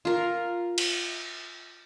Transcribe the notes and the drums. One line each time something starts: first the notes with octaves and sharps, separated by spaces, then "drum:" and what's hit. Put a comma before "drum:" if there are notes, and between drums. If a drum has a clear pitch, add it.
F4 A#4
drum: cymbal